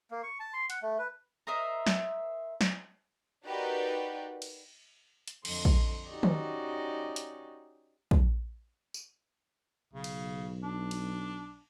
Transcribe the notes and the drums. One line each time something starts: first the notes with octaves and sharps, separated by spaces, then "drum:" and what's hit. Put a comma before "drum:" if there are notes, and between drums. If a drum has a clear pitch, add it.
A#3
C#6
A5
C6
F#5, drum: hi-hat
A3
B4
A#4 C5 D#5 E5
drum: snare
drum: snare
D#4 F#4 G4 A#4 B4 D5
drum: cymbal
drum: hi-hat
F2 D3 D#5 C6, drum: cymbal
drum: kick
C#4 D#4 F#4 G4 D5 D#5
drum: tom D#3
drum: hi-hat
drum: kick
drum: tambourine
B1 C#3
drum: cymbal
D4
drum: cymbal